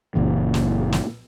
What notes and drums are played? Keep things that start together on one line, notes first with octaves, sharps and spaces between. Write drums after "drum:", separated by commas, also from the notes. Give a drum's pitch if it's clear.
F#1 A#2 E3
drum: snare
drum: snare